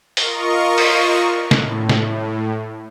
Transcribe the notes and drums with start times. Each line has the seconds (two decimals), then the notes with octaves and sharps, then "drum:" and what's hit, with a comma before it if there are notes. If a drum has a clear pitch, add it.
0.17 F4 A#4 D#5 C#6, drum: open hi-hat
0.78 drum: cymbal
1.51 A2, drum: snare
1.89 drum: snare